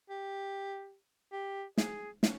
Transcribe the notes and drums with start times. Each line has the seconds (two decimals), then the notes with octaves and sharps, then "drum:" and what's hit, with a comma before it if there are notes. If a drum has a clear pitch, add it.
0.10 G4
1.32 G4
1.78 G#4, drum: snare
2.23 C#4, drum: snare